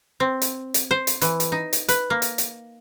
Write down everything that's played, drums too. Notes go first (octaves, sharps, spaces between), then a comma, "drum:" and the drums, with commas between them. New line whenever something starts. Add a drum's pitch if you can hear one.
C4
drum: hi-hat
drum: hi-hat
C5
drum: hi-hat
E3, drum: hi-hat
drum: hi-hat
D#4
drum: hi-hat
B4, drum: hi-hat
A#3
drum: hi-hat
drum: hi-hat